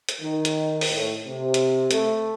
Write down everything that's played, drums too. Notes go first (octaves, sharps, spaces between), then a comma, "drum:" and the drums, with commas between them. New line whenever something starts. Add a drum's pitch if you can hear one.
drum: hi-hat
D#3
drum: hi-hat
drum: open hi-hat
A2
C3
drum: hi-hat
A3, drum: hi-hat